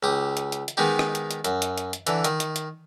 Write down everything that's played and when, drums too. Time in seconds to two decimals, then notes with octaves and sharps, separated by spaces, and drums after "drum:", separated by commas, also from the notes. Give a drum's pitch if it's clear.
0.03 C#2 G4 D#6
0.37 drum: hi-hat
0.52 drum: hi-hat
0.68 drum: hi-hat
0.77 D#3 G#3 B3 D#4 G4
0.99 drum: rim click
1.15 drum: hi-hat
1.31 drum: hi-hat
1.45 F#2, drum: hi-hat
1.62 drum: hi-hat
1.78 drum: hi-hat
1.93 drum: hi-hat
2.07 D3 E3, drum: hi-hat
2.24 D#3, drum: hi-hat
2.40 drum: hi-hat
2.56 drum: hi-hat